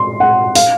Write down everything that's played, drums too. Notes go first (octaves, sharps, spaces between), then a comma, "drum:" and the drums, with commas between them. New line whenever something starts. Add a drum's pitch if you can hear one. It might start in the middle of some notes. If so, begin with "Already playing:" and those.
Already playing: C6
F#5
F5, drum: open hi-hat